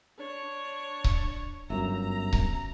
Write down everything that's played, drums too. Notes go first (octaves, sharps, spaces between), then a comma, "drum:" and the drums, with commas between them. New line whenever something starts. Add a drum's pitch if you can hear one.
D4 C#5
drum: kick C#1
G1 F#2 E5 A#5
drum: kick C#1